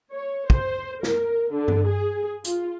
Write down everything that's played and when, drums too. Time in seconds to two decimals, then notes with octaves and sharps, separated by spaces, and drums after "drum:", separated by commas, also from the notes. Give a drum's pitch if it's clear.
0.12 C#5
0.50 C5, drum: kick
1.03 A#4, drum: snare
1.52 D3
1.68 drum: tom G2
1.85 G#4
2.44 F4, drum: hi-hat